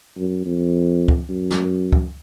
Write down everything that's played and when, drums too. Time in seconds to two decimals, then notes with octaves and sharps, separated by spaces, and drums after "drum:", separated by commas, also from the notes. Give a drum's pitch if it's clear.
0.17 F#2
0.45 F2
1.08 drum: kick C#2
1.29 F#2
1.50 drum: snare
1.92 drum: kick C#2